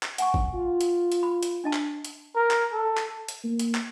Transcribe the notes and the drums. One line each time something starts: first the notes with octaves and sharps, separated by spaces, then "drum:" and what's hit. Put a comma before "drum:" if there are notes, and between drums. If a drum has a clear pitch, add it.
drum: clap
F#5 G#5 C#6, drum: hi-hat
drum: kick G1
F4
drum: hi-hat
drum: hi-hat
B5
drum: hi-hat
D4 D#5 A5
drum: clap
drum: hi-hat
A#4
drum: clap
A4
drum: clap
drum: hi-hat
A#3
drum: hi-hat
drum: clap